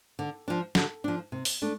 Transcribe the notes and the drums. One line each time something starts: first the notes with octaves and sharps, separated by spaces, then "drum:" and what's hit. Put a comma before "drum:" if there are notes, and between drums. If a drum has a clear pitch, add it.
D3
F3 D4
D3, drum: snare
F3 D4
C3
drum: open hi-hat
A3 D4